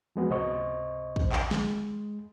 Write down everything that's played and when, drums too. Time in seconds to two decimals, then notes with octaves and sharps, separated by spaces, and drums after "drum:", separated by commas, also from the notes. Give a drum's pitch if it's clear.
0.16 F3 G#3 B3 F#4
0.30 C#2 C3 C5 D#5 C#6
1.16 drum: kick
1.32 drum: clap
1.51 G#3, drum: snare